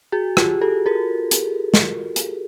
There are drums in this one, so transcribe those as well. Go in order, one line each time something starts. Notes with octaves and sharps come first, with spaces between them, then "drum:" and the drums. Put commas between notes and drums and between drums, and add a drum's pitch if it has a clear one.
F#4 G#4
F4 G4, drum: rim click
G4 A4
G#4 A#4
drum: hi-hat
drum: snare
drum: hi-hat